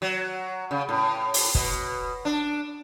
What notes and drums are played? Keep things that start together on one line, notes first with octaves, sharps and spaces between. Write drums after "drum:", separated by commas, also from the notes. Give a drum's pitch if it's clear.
F#3
C#3
A2
drum: open hi-hat
B2, drum: kick
D4